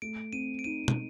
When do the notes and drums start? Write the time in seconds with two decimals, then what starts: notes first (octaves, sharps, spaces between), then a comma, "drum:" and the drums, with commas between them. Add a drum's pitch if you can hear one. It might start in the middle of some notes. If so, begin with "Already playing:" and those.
0.02 A3 D7
0.33 C4 D#7
0.59 D7
0.64 D#4 D#7
0.88 drum: tom